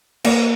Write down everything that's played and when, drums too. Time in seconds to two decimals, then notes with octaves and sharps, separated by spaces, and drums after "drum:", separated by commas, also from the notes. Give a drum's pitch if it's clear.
0.24 A#3, drum: cymbal